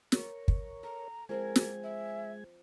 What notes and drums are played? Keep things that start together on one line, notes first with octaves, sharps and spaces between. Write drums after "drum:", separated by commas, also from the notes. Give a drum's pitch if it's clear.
A#4 C#5, drum: snare
drum: kick
A4 A#5
F3 G#3 C4 A#4 C5 G#5
drum: snare
E5